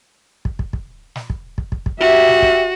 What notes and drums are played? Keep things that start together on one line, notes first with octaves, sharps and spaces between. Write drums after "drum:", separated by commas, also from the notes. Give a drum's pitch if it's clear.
drum: kick
drum: kick
drum: kick
drum: snare
drum: kick
drum: kick
drum: kick
drum: kick
F#4 G4 E5
drum: snare
drum: kick